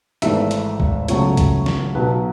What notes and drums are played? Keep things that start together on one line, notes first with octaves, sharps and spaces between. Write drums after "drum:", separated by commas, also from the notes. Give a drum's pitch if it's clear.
G#1 G#2 E3 A3 E5, drum: hi-hat
drum: hi-hat
drum: kick
C#2 C#3 F#3 A3 C#5, drum: hi-hat
drum: kick, hi-hat
drum: snare
B1 B2 F#3 B4